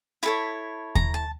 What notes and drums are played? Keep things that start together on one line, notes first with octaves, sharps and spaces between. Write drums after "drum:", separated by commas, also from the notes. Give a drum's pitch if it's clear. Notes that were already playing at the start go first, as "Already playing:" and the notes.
E4 A4 C#5 B5
A#5, drum: kick D#2
A5